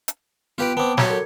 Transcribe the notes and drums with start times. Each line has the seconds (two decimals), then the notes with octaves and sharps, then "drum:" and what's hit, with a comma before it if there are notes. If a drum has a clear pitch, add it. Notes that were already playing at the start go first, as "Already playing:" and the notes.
0.08 drum: hi-hat
0.58 B3 F4 G4 B4 G5 D7
0.77 B3 C4 A5 D6
0.98 F#3 G4 G#6 C#7, drum: snare
1.10 A4 A#4